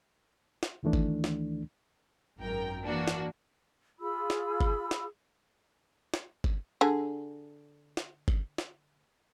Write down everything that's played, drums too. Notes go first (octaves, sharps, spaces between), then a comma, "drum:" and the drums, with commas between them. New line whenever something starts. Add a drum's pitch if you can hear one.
drum: snare
D2 D#3 E3 A3 D4
drum: kick G1
drum: snare
G#1 F#2 A#4 G5
E3 A#3 D4 F#4
drum: snare
F4 G#4 B5 E6
drum: snare
drum: kick G1
drum: snare
drum: snare
drum: kick G1
D3 G#4
drum: snare
drum: kick G1
drum: snare